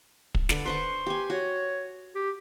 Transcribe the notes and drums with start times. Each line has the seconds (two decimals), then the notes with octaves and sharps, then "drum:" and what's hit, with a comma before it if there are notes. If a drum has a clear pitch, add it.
0.35 drum: kick
0.49 D3 B4 D5, drum: snare
0.66 B4 C5 C6 C#6
1.06 G4 G#5
1.30 F#4 C#5
2.15 G4